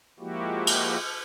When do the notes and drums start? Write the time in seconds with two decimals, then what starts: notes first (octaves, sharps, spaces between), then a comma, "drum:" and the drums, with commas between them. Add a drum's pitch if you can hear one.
0.20 F3 G#3 A#3 E4 F#4 G4
0.67 drum: cymbal